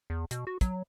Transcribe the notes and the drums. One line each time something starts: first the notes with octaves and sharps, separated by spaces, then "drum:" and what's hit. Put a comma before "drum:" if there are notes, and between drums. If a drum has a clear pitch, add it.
E2
B2, drum: hi-hat
F#4
F#3, drum: kick, hi-hat